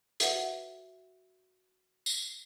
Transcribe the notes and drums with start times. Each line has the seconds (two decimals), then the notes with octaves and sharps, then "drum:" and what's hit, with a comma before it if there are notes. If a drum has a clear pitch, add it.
0.20 F#4 B4 E5 F#5, drum: hi-hat
2.06 drum: tambourine